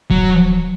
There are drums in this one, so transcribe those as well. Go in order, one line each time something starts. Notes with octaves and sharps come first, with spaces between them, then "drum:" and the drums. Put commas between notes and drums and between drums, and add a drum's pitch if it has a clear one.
F#3, drum: kick D1